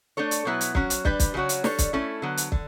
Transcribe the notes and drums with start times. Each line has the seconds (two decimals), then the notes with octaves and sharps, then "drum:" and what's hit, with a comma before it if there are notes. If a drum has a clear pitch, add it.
0.17 A3 D4 A4 C#5
0.31 drum: hi-hat
0.45 B2 F#3 B3 E4
0.61 drum: hi-hat
0.75 F#3 C#4 F#4, drum: kick
0.90 drum: hi-hat
1.05 G3 D4 G4 B4, drum: kick
1.20 drum: kick, hi-hat
1.34 C#3 F#3 C#4 F#4 C#5
1.49 drum: hi-hat
1.64 G3 D4 A4 C#5, drum: snare
1.78 drum: kick, hi-hat
1.93 A3 C#4 E4 A4
2.22 D3 F#3 B3
2.37 drum: hi-hat
2.52 D3, drum: kick